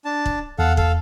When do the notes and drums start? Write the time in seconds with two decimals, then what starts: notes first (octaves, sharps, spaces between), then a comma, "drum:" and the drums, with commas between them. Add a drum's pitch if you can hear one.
0.05 D4 A5
0.26 drum: kick
0.59 E2 A4 F5 F#5
0.77 A4 F5, drum: kick